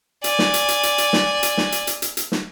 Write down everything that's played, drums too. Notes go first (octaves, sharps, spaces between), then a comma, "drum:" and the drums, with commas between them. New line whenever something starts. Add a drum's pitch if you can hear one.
D5 G#5, drum: hi-hat
drum: snare
drum: hi-hat
drum: hi-hat
drum: hi-hat
drum: hi-hat
drum: snare
drum: hi-hat
drum: snare
drum: hi-hat
drum: hi-hat
drum: hi-hat
drum: hi-hat
drum: snare